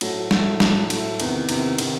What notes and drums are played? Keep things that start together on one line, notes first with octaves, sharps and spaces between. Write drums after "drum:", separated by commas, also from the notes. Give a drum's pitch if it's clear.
A2 F#3 A3, drum: cymbal
A2 F#3 A3, drum: snare
A2 F#3 A3, drum: snare
A2 F#3 A3, drum: cymbal
E2 C3 D#3, drum: cymbal
E2 C3 D#3, drum: cymbal
C3 D#3, drum: cymbal